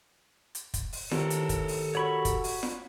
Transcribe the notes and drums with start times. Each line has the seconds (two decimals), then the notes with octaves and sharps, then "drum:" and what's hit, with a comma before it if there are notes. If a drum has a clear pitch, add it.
0.55 drum: hi-hat
0.74 drum: kick, hi-hat
0.93 drum: open hi-hat
1.11 A2 D#3 G4 A4 A#4, drum: snare
1.30 drum: hi-hat
1.49 drum: kick, hi-hat
1.68 drum: open hi-hat
1.95 F#4 C#5 B5 C#6
2.25 drum: kick, hi-hat
2.44 drum: open hi-hat
2.63 drum: snare